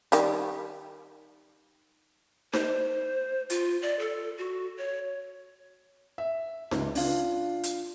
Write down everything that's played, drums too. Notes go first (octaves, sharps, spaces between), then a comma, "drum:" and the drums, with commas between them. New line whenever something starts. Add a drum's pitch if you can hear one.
D#3 G3, drum: hi-hat
C5, drum: snare D#4
F4, drum: hi-hat
D5
A4
F#4
C#5
E5
C#2, drum: snare D#4
D4 F4, drum: open hi-hat
drum: hi-hat